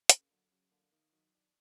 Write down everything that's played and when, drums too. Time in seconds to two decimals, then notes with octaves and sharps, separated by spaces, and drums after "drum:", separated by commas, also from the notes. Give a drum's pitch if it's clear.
0.09 C#3 A#3, drum: hi-hat
0.30 D3 F#3
0.51 C#3 F#3
0.71 D3 A#3
0.83 D3
0.92 D#3 A#3
1.13 D#3 F#3
1.34 D#3 D4